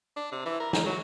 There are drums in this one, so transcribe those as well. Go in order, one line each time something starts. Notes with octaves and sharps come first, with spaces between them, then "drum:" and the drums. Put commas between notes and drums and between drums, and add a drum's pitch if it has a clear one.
D4
C3
E3
A#4
A#4, drum: snare
F#3